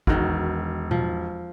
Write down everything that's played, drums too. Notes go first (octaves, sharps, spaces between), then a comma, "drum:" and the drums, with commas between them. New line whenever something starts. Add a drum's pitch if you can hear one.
E1 D#3 F#4, drum: kick
F3, drum: tom B2